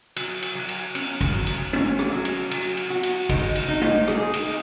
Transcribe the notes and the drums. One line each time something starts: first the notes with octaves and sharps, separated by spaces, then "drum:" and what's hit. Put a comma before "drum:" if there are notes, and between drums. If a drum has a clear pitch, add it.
F#3, drum: cymbal
drum: cymbal
F#3
drum: cymbal
C#4, drum: cymbal
drum: kick, cymbal
F#3
drum: cymbal
C#4, drum: tom G#3
drum: rim click
F#3
drum: cymbal
F#3, drum: cymbal
drum: cymbal
F#4
drum: cymbal
D#4, drum: kick, cymbal
drum: cymbal
D#4
drum: tom G#3
G#4, drum: rim click
drum: cymbal
D#4